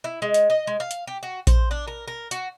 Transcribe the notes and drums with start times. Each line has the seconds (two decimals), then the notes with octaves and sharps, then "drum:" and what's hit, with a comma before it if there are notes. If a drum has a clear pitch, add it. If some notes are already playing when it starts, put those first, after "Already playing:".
0.04 E4
0.22 G#3
0.34 drum: hi-hat
0.50 D#5
0.67 G#3
0.80 F5
0.91 drum: hi-hat
1.07 G4
1.23 F#4
1.47 C5, drum: kick A#1, hi-hat
1.71 D4
1.88 A#4
2.08 A#4
2.31 F#4, drum: hi-hat